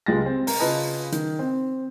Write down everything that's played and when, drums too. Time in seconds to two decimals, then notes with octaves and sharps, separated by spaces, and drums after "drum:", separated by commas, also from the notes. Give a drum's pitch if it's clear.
0.06 C#2 G#3 F4 G4 A6 A#6
0.26 C4
0.47 A#4, drum: open hi-hat
0.59 C#3 F4 B4 D#5 A5
1.12 D#3, drum: hi-hat
1.39 C4